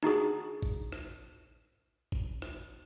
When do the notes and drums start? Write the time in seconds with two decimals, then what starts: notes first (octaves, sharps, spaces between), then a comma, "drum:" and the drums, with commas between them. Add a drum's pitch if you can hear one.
0.03 D4 D#4 F#4 G#4, drum: rim click
0.62 drum: kick G#1
0.92 drum: rim click
2.12 drum: kick G#1
2.42 drum: rim click